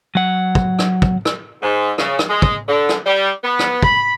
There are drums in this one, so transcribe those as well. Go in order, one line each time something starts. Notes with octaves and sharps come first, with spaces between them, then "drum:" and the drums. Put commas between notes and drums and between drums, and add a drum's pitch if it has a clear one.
F#3 F#5
drum: kick
drum: rim click
drum: kick
drum: rim click
G#2
C#3, drum: rim click
drum: rim click
G#3
drum: kick
D3
drum: rim click
G3
B3
drum: rim click
B5, drum: kick